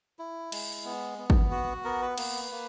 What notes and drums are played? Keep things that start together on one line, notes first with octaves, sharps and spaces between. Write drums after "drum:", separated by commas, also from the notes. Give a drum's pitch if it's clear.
E4
G#3, drum: cymbal
B3
B3
drum: kick
F#4
B3 A#4
B4
A#3 B4, drum: cymbal
A#3